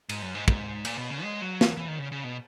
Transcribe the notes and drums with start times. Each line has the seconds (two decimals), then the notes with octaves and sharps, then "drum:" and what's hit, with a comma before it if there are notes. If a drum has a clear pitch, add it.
0.09 G#2, drum: cymbal
0.22 F#2
0.35 G#2
0.48 G#2, drum: kick
0.85 A#2, drum: cymbal
0.98 B2
1.10 C#3
1.23 G#3
1.42 F#3
1.61 E3, drum: snare
1.77 E3
1.88 D#3
1.98 C#3
2.12 C#3
2.24 B2